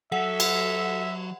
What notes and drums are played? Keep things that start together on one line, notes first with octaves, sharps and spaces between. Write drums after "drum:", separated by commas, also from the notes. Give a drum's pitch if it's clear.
F#3 A4 E5 F#5
drum: cymbal